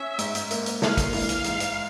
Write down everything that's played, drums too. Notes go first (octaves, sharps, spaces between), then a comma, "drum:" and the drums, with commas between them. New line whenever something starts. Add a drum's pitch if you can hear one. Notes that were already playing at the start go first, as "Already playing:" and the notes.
Already playing: C#4 E5
G#2, drum: hi-hat
drum: hi-hat
A#3, drum: hi-hat
drum: hi-hat
A#3 F5, drum: snare
drum: kick, hi-hat
E3, drum: open hi-hat
drum: hi-hat
G#2, drum: hi-hat
drum: hi-hat